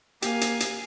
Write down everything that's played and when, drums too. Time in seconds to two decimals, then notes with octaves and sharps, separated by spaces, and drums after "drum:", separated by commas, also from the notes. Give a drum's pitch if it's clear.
0.22 A#3 G4 F5 G#5, drum: hi-hat
0.41 drum: hi-hat
0.60 drum: hi-hat